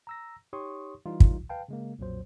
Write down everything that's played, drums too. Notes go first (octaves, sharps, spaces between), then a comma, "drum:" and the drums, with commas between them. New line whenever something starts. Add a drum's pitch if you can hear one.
A#5 E6 A#6
D#4 G4 C#5 C6 C#6 D#6
E3 G3 D#4 F4
drum: kick
B4 F5 G5 A5
C#3 G#3 A#3
B1 F2 A#2 F#3 C5